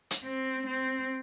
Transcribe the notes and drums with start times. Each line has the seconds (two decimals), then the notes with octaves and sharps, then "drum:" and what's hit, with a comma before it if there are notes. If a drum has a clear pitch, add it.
0.11 drum: hi-hat
0.24 C4
0.66 C4